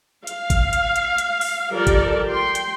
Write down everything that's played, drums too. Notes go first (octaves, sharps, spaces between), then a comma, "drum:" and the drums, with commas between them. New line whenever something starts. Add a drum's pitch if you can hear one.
F5, drum: hi-hat
drum: kick G#1, hi-hat
drum: hi-hat
drum: hi-hat
drum: hi-hat
drum: open hi-hat
F3 G3 G4 A4 A#4 D5
drum: kick G#1, hi-hat
G5 C6
drum: hi-hat